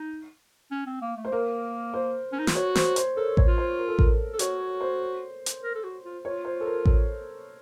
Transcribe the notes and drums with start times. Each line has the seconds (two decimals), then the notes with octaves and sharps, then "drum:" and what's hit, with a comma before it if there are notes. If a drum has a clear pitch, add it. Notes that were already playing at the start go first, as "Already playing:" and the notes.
Already playing: D#4
0.71 C#4
0.86 C4
1.02 A#3
1.16 A3
1.25 C5
1.32 A#3 A#4
1.94 C5
2.32 C#4
2.39 D#4
2.47 F4, drum: snare
2.55 F#4 C#5
2.75 C5, drum: snare
2.96 C5, drum: hi-hat
3.16 A4 A#4
3.37 C#5, drum: kick A1
3.47 F4
3.58 C5
3.78 A#4
3.88 A4
3.99 A#4, drum: kick A1
4.33 A4
4.39 F#4 C#5, drum: hi-hat
4.81 C5
5.46 drum: hi-hat
5.63 A#4
5.75 A4
5.84 F#4
6.04 F4
6.24 F4 C#5
6.45 C5
6.61 A4
6.65 A#4
6.85 A4, drum: kick A1